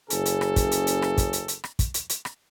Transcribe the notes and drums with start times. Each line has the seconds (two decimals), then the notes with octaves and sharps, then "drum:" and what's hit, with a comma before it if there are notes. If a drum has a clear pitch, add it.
0.10 F#1 C#3 G#4 A4, drum: hi-hat
0.26 drum: hi-hat
0.41 drum: rim click
0.56 drum: kick, hi-hat
0.72 drum: hi-hat
0.87 drum: hi-hat
1.02 drum: rim click
1.18 drum: kick, hi-hat
1.33 drum: hi-hat
1.48 drum: hi-hat
1.64 drum: rim click
1.79 drum: kick, hi-hat
1.94 drum: hi-hat
2.10 drum: hi-hat
2.25 drum: rim click